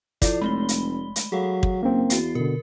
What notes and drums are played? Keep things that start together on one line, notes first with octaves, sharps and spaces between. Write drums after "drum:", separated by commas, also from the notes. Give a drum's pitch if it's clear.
F3 E4 A4 D5, drum: kick, hi-hat
F1 G#3 A3 B5 G7
drum: hi-hat
drum: hi-hat
F#3 G#4 A4 F5
drum: kick
F#1 A#3 C4
E2 F#4 C7, drum: hi-hat
B2 D3 A#4